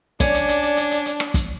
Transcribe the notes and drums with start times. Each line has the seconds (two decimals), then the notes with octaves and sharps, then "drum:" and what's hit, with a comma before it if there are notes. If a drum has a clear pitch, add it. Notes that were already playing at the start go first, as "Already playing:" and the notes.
0.20 C#4 D4 D5, drum: kick, hi-hat
0.34 drum: hi-hat
0.49 drum: hi-hat
0.63 drum: hi-hat
0.77 drum: hi-hat
0.91 drum: hi-hat
1.06 drum: hi-hat
1.20 drum: rim click
1.34 drum: kick, hi-hat